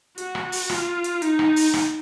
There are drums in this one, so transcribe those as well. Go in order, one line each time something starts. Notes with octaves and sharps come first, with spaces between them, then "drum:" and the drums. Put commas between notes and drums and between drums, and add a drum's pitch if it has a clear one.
F#4, drum: hi-hat
drum: rim click
drum: open hi-hat
F4, drum: rim click
drum: hi-hat
D#4, drum: hi-hat
drum: rim click
drum: open hi-hat
drum: rim click